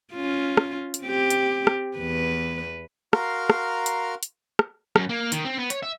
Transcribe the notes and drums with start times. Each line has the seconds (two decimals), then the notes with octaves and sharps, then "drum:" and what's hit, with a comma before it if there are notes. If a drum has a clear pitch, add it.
0.13 C#4 F4
0.57 drum: rim click
0.94 drum: hi-hat
1.03 C4 G4
1.30 drum: hi-hat
1.67 drum: rim click
1.98 E2 B4
3.13 F#4 A#4 F5 A#5 C6 F6, drum: rim click
3.50 drum: rim click
3.86 drum: hi-hat
4.23 drum: hi-hat
4.59 drum: rim click
4.96 F#2, drum: rim click
5.09 A#3
5.32 D#3, drum: hi-hat
5.45 C4
5.57 B3
5.70 C#5, drum: hi-hat
5.83 E5